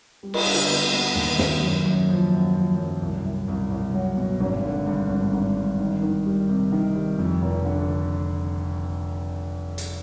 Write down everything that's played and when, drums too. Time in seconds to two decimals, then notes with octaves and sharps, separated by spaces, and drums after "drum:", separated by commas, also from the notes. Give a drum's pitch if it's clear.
0.23 G3
0.34 drum: cymbal
0.46 D3
0.69 B3
0.93 B3
1.15 D#2
1.39 D#2, drum: snare
1.62 F#2
1.85 F#2
2.09 F3
2.31 F#2
2.54 F3
2.78 F#2
3.01 C2
3.24 C2
3.48 C2
3.70 C2
3.94 F#3
4.17 B2
4.40 G#1
4.64 D3
4.86 G2
5.09 G#1
5.32 G#1
5.56 G2
5.79 D#3
6.02 D#3
6.26 G3
6.49 C3
6.72 D#3
6.95 G3
7.18 F2
7.42 F1
7.65 D3
9.78 drum: hi-hat